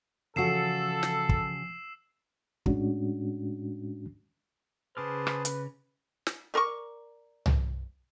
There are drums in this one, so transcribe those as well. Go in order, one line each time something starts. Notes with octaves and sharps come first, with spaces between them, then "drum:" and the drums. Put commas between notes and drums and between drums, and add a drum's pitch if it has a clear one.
C#3 E3 F3 F#4 A4 E6 C7 E7
drum: snare
drum: kick
A2 G#3 C#4 D4 F#4, drum: kick
C#3 G#4 B4 C5 A5 D6 F6
drum: rim click
drum: hi-hat
drum: snare
A3 A#4 D5 C#6
drum: tom C2